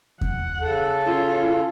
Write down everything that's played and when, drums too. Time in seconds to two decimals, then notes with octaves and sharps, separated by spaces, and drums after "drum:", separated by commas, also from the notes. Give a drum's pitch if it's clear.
0.21 F#5, drum: kick E2
0.61 C#3 A4
1.05 C#4 F4